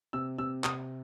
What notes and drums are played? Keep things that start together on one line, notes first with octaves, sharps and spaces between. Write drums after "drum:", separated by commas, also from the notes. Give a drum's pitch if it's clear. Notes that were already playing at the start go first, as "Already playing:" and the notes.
C3 E6
C3 E6
C3 D#6, drum: clap